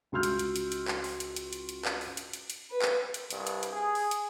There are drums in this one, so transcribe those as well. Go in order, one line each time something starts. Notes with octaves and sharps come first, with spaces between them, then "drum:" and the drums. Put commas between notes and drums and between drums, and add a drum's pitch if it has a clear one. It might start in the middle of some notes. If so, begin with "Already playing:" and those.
C#2 F#4 C6 E6 F6 G6
drum: hi-hat
drum: hi-hat
drum: hi-hat
drum: hi-hat
drum: clap
drum: open hi-hat
drum: hi-hat
drum: hi-hat
drum: hi-hat
drum: hi-hat
drum: clap
drum: open hi-hat
drum: hi-hat
drum: hi-hat
drum: hi-hat
B4
drum: clap
drum: hi-hat
C2 G2, drum: hi-hat
drum: hi-hat
drum: hi-hat
G#4
drum: open hi-hat
drum: hi-hat